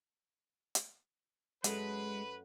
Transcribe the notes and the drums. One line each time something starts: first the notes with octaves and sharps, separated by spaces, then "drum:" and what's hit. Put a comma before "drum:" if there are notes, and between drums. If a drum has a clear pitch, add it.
drum: hi-hat
F#2 F#3 G#3 A3 B4, drum: hi-hat